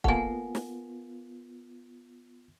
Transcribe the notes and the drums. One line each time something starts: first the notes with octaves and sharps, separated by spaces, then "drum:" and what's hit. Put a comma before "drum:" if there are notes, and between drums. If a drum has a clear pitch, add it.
A#3 B3 F4 A4 F#5 G#5, drum: kick
drum: snare